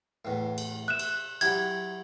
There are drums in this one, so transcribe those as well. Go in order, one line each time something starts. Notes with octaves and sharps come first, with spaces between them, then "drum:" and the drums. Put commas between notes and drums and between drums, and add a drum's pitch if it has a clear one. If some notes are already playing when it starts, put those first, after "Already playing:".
E2 A2
drum: cymbal
E5 F#6 E7
drum: cymbal
F#3 E4 G4 G#6, drum: cymbal